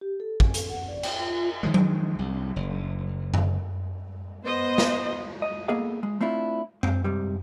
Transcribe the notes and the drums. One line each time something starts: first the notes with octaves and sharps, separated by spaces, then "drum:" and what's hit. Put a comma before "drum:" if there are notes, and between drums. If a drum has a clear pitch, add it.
G4
A4
G#5, drum: kick
A4, drum: hi-hat
F#5
D5
G5, drum: cymbal
F4
F4
D#3 F3 G#3
drum: tom F#3
C2
F#1
drum: tom F#2
B3 C5 D#5
drum: snare
D#5
A#3 B3 G#4 A4 D#5 F5
G#3
A3 C4 D4 E4 F4
C4, drum: tom F#2
G#2 C3 G3